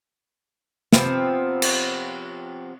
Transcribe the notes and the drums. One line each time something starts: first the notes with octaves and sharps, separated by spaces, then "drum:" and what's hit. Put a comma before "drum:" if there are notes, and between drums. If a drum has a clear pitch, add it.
C3 F3 B3 C4, drum: snare
drum: cymbal